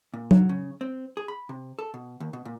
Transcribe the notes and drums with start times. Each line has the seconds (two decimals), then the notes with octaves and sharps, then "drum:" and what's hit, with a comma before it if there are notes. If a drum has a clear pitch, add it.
0.14 A#2
0.31 F#3, drum: tom F#3
0.49 C#3
0.81 C4
1.17 G#4
1.28 B5
1.49 C3
1.79 A4
1.94 B2
2.20 D#2
2.33 B2
2.45 A#2